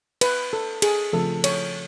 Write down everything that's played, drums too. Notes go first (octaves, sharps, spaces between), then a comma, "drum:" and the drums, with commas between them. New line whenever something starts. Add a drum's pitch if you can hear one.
B4, drum: cymbal
A4
G#4, drum: cymbal
C#3 F3 A3 C4 A4
C#5, drum: cymbal